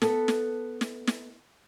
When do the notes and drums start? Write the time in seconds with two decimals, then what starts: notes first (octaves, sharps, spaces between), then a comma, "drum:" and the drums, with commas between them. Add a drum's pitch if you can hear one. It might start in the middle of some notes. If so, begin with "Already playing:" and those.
0.02 B3 A4, drum: snare
0.28 drum: snare
0.81 drum: snare
1.08 drum: snare